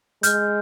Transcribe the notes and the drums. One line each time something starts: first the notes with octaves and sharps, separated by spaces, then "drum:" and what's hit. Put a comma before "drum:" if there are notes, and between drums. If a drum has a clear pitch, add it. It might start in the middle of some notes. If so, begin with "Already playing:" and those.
G#3 F6 G6, drum: hi-hat